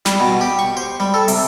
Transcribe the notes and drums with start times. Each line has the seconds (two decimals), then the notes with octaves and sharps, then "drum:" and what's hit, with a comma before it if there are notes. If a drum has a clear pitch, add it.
0.05 G3, drum: snare
0.20 B2
0.41 G4
0.59 C#6
0.77 C5
1.00 G3
1.14 A4
1.28 C3, drum: open hi-hat